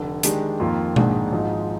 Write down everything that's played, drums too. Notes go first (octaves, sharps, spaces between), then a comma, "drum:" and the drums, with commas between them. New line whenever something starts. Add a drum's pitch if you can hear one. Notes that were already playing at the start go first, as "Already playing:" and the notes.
Already playing: F1 D3
D#3 G#3 D4 G4, drum: hi-hat
F2 D#3 A#3 F4
A#1 G#2 D#3 G#3 D4, drum: tom B2
G#1 G#2 F3 G#3 D#4